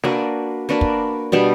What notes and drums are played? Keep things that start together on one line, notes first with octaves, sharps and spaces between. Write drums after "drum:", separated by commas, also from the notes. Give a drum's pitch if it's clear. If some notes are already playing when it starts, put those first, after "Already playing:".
A#3 D4 F#4 B4, drum: snare
A#3 D4 F#4 B4
drum: kick
B2 G3 B3 D4